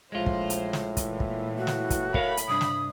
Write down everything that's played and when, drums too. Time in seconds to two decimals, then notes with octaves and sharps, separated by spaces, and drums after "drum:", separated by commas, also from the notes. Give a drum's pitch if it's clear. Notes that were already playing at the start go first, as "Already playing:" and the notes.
0.12 A#1 A2 G#3 F4 C5
0.26 drum: kick
0.50 drum: hi-hat
0.73 drum: snare
0.97 A#2 E3, drum: kick, hi-hat
1.20 drum: kick
1.58 F#4
1.67 drum: snare
1.90 drum: kick, hi-hat
2.14 A#4 C#5 F5 B5, drum: kick
2.37 drum: hi-hat
2.48 C2 G2 D4 D#6
2.61 drum: snare